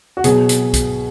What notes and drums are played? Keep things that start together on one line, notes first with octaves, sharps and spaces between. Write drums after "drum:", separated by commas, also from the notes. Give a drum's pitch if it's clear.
F#4
B2 F#3 G#4, drum: hi-hat
drum: hi-hat
drum: kick B1, hi-hat